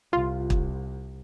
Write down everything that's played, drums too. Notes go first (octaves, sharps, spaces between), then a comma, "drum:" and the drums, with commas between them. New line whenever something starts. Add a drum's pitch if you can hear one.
C2 F4
drum: kick